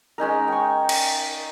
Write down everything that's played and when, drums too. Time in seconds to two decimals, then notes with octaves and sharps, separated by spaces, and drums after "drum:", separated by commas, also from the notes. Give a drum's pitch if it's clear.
0.18 G#3 C#4 D#4 A#4
0.48 G5 C#6
0.89 drum: cymbal